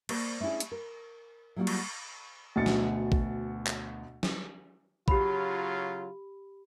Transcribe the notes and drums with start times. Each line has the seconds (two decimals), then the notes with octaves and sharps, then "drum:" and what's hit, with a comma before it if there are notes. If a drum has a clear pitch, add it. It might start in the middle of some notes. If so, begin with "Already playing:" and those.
0.09 A#3 C5 D5, drum: cymbal
0.40 A3 C#4 D4 E4 G#4
0.60 drum: hi-hat
0.72 A#4
1.56 F#3 G3 A#3 B3 F4 F#4
1.67 drum: cymbal
2.56 D2 B2 A6 C#7
2.66 drum: snare
3.12 drum: kick A#1
3.67 drum: clap
4.23 drum: snare
5.08 C#3 F#3 F4 G4 B5, drum: kick A#1